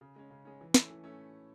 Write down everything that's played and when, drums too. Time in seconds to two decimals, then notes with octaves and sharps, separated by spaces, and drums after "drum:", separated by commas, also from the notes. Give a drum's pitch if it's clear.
0.01 C#3
0.16 G#3 C#4
0.30 C#3
0.45 G#3 C#4
0.61 E3
0.74 A3 C#4 E4, drum: snare
0.90 E3
1.04 A3 C#4 E4